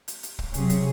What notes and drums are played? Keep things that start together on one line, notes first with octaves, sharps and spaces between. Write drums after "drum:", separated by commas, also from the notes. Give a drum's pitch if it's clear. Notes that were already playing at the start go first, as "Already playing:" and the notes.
drum: hi-hat
drum: hi-hat
drum: kick
C3 F#3 C#4 G#4, drum: hi-hat
drum: hi-hat